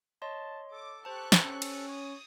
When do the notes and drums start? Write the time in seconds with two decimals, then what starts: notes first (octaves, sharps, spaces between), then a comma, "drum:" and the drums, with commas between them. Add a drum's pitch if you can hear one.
0.22 C#5 D#5 A5 C6
0.73 A4 D6
1.05 G4 C5 A5 C#6 F#6
1.32 drum: snare
1.42 C#4
1.62 drum: cymbal
1.88 C#5 D#6